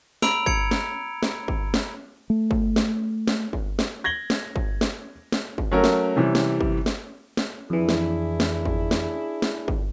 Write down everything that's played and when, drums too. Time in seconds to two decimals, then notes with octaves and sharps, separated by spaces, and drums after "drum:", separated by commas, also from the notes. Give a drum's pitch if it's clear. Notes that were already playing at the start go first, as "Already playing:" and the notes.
0.22 A#5 B5 E6 D7 F7, drum: snare
0.46 G#6 C#7, drum: kick G1
0.71 drum: snare
1.23 drum: snare
1.48 drum: kick G1
1.74 drum: snare
2.30 A3
2.51 drum: kick G1
2.76 drum: snare
3.27 drum: snare
3.53 drum: kick G1
3.79 drum: snare
4.04 G#6 A#6 F#7 G7
4.30 drum: snare
4.56 drum: kick G1
4.81 drum: snare
5.32 drum: snare
5.58 drum: kick G1
5.71 F#3 A3 C#4 A#4
5.84 drum: snare
6.16 C3 E3 G3 C#4
6.35 drum: snare
6.61 drum: kick G1
6.86 drum: snare
7.37 drum: snare
7.70 F2 E3 D4 E4 G#4
7.89 drum: snare
8.40 drum: snare
8.65 drum: kick G1
8.91 drum: snare
9.42 drum: snare
9.68 drum: kick G1